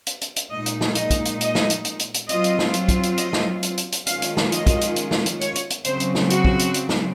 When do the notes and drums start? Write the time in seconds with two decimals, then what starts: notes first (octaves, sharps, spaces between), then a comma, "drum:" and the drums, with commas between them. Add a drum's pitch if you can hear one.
0.07 drum: hi-hat
0.21 drum: hi-hat
0.36 drum: hi-hat
0.51 A#2 G#3 D#4 D#5
0.66 drum: hi-hat
0.81 drum: snare
0.95 D#5, drum: hi-hat
1.10 drum: kick, hi-hat
1.25 drum: hi-hat
1.41 D#5, drum: hi-hat
1.55 drum: snare
1.70 drum: hi-hat
1.85 drum: hi-hat
1.99 drum: hi-hat
2.14 drum: hi-hat
2.29 F#3 C4 F4 D#5, drum: hi-hat
2.44 drum: hi-hat
2.59 drum: snare
2.74 drum: hi-hat
2.88 drum: kick, hi-hat
3.03 drum: hi-hat
3.18 D#5, drum: hi-hat
3.33 drum: snare
3.63 drum: hi-hat
3.78 drum: hi-hat
3.92 drum: hi-hat
4.07 D#3 G#3 C#4 F4 F5, drum: hi-hat
4.22 drum: hi-hat
4.37 drum: snare
4.52 D#5, drum: hi-hat
4.67 drum: kick, hi-hat
4.81 drum: hi-hat
4.96 drum: hi-hat
5.11 drum: snare
5.26 drum: hi-hat
5.41 C#5, drum: hi-hat
5.56 drum: hi-hat
5.70 drum: hi-hat
5.85 C#3 F#3 C4 C5, drum: hi-hat
6.00 drum: hi-hat
6.15 drum: snare
6.30 F#4, drum: hi-hat
6.45 drum: kick
6.59 drum: hi-hat
6.74 drum: hi-hat
6.89 drum: snare